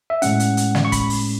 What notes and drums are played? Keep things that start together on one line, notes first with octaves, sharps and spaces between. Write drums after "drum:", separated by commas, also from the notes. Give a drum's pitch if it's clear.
E5
A2 G#3 C#4 F#5, drum: hi-hat
drum: hi-hat
drum: hi-hat
drum: snare
C#6
B5, drum: kick, hi-hat
drum: open hi-hat